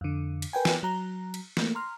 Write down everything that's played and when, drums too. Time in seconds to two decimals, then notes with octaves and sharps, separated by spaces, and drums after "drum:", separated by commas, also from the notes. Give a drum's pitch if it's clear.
0.01 F2 D3
0.42 drum: cymbal
0.53 A#4 B4 G5 G#5
0.65 drum: snare
0.83 F#3 A#5
1.34 drum: cymbal
1.57 A3 A#3, drum: snare
1.75 A#5 C6 F6